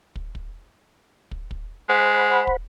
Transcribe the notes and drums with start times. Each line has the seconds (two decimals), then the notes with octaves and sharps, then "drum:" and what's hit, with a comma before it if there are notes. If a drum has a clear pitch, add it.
0.16 drum: kick
0.35 drum: kick
1.31 drum: kick
1.51 drum: kick
1.89 G#3 C5 F#5 B5
2.47 drum: kick